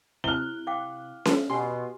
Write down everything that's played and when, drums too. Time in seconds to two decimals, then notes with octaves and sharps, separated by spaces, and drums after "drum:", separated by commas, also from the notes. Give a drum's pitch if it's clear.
0.24 C3 E4 F6 F#6 G7
0.67 F5 G5 D6
1.25 drum: snare C#4
1.50 B2 B3 G4 G#5 C6